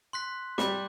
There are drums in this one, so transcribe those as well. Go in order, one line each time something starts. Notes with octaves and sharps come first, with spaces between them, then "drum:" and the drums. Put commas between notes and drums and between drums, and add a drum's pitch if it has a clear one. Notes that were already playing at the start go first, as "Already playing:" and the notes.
C6 F#6 B6
G3 D6 G6, drum: snare